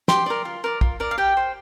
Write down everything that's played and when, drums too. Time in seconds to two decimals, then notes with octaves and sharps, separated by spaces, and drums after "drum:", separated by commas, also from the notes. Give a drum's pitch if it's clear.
0.08 G4 C6, drum: snare
0.26 A#4 D5
0.45 F4
0.64 A#4 D5
0.81 F4, drum: kick
1.00 A#4 D5
1.11 F5
1.18 G4 G5
1.37 C5